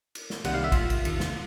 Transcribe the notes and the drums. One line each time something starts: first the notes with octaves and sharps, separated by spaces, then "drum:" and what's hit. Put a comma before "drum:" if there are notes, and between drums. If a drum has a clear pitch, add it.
drum: cymbal
drum: snare
C2 C3 D#3 G3 A#3 F#5, drum: cymbal
F5
E5
F4 F5, drum: kick, cymbal
drum: cymbal
E2 C3 D#3, drum: cymbal
drum: snare